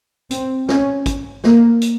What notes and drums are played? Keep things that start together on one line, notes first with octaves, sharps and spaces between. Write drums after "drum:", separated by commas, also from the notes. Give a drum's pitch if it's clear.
C4, drum: hi-hat
C#4, drum: snare
drum: kick, hi-hat
A#3, drum: snare
drum: hi-hat